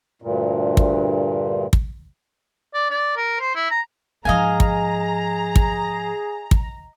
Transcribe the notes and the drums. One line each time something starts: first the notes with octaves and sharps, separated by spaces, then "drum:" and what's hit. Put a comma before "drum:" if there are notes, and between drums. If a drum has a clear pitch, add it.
D2 G2 A#2
drum: kick
drum: kick
D5
D5
A#4
C5
E4
A#5
G#2 F3 G#4 D#5 F5 G#5 A#5
drum: kick
drum: kick
drum: kick